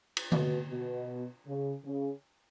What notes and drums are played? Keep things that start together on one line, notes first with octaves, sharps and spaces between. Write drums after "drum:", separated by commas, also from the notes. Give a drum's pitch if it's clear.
drum: cymbal
B2, drum: tom D3
B2
C#3
C#3